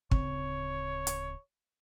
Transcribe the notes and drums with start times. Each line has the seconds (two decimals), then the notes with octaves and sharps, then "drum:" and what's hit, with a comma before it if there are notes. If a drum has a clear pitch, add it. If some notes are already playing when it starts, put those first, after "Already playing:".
0.11 D1 C#3 C4 C#5, drum: kick
1.07 drum: hi-hat